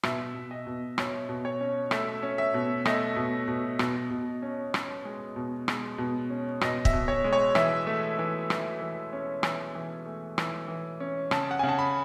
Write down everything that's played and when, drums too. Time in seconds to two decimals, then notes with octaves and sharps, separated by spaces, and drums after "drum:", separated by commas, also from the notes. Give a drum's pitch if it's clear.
0.03 B2 E5, drum: rim click
0.34 B2
0.51 D#5
0.67 B2
0.98 B2 C#5, drum: rim click
1.29 B2
1.45 C#5
1.61 C#4
1.91 A3 E5, drum: rim click
2.23 C#4
2.38 E5
2.54 B2
2.85 A3 D#5, drum: rim click
3.16 B2
3.48 B2
3.79 B2, drum: rim click
4.10 B2
4.42 C#4
4.74 C#4, drum: rim click
5.05 G#3
5.36 B2
5.68 G#3, drum: rim click
5.98 B2
6.30 C#4
6.61 B2 D#5, drum: rim click
6.85 E5, drum: kick
6.93 B2
7.08 C#5
7.24 G#3
7.33 C#5
7.55 E3 E5, drum: rim click
7.87 A3
8.19 E3
8.50 E3, drum: rim click
8.81 E3
9.13 C#4
9.43 E3 G#5, drum: rim click
9.75 E3
10.06 A3
10.38 E3, drum: rim click
10.68 E3
11.00 C#4
11.31 C#3 A5, drum: rim click
11.51 F#5
11.59 C#3 G#5
11.68 A5
11.79 B5